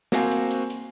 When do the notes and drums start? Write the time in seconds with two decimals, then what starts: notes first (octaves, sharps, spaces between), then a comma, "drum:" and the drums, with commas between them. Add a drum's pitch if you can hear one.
0.12 A#3 C4 F#4 C5 F5 G#5, drum: snare
0.31 drum: hi-hat
0.51 drum: hi-hat
0.70 drum: hi-hat